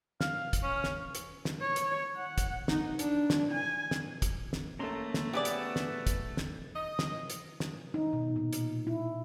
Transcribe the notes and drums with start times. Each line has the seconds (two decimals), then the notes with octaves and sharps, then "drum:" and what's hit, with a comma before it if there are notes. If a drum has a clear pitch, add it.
0.21 F5, drum: snare
0.53 drum: kick, hi-hat
0.63 C#4
0.84 drum: snare
1.15 drum: hi-hat
1.45 drum: snare
1.61 C#5
1.76 drum: hi-hat
2.16 F#5
2.38 drum: kick, hi-hat
2.68 D#4, drum: snare
2.99 D4, drum: hi-hat
3.30 drum: snare
3.52 G#5
3.91 drum: snare
4.22 drum: kick, hi-hat
4.53 drum: snare
4.79 A3 A#3 C#4 A4 A#5 C6
5.14 drum: snare
5.33 B3 G4 G#4 B4 D5
5.45 drum: hi-hat
5.76 drum: snare
6.07 drum: kick, hi-hat
6.37 drum: snare
6.76 D#5
6.99 drum: snare
7.30 drum: hi-hat
7.60 drum: snare
7.94 D#4
8.13 B2
8.36 A#2
8.53 drum: hi-hat
8.87 E4